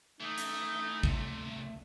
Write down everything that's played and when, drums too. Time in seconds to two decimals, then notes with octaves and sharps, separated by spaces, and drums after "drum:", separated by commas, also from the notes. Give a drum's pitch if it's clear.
0.20 E3 A3 D#4
0.38 drum: hi-hat
1.03 G2 C3, drum: kick